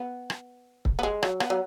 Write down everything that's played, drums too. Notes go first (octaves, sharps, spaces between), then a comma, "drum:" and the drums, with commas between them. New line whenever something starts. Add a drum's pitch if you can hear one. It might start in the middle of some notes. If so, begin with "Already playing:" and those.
Already playing: B3
drum: rim click
drum: kick
B3
G#3
F#3, drum: rim click
B3, drum: rim click
F#3